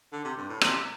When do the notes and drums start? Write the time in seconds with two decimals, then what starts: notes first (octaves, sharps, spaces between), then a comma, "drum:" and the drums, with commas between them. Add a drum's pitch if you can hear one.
0.12 D3
0.25 C3
0.37 G2
0.49 A2
0.61 C3, drum: rim click